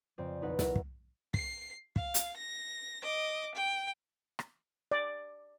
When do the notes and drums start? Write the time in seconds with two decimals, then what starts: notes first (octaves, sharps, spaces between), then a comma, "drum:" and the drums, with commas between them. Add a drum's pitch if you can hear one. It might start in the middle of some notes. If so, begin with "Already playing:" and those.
0.18 F2 C#3 C4 D5
0.42 B1 E2 D#4 B4 F#5
0.59 F#3 E4 A#4, drum: snare
0.76 drum: kick
1.34 C7, drum: kick
1.96 F5, drum: kick
2.14 drum: hi-hat
2.37 A#6
3.03 D#5 D6
3.55 G5
4.39 drum: rim click
4.92 D5